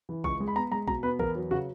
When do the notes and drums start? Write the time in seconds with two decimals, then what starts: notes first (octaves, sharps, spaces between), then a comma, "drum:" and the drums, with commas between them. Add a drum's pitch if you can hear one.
0.09 E3
0.24 C#2 C#6, drum: kick A#1
0.40 G#3
0.48 B5
0.56 B3 A#5
0.72 G#3 A#5
0.88 B2 A#5, drum: kick A#1
1.03 B3 B4
1.19 E2 A#4, drum: kick A#1
1.35 F#3
1.51 C#3 F#4